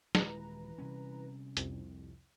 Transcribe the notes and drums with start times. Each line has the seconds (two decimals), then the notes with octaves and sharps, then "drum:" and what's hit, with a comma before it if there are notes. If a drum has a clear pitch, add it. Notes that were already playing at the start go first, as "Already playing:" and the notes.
0.15 D#1 E3 G#3 B4 A#5, drum: snare
0.78 C3 G3 C#4
1.57 C2 F2, drum: hi-hat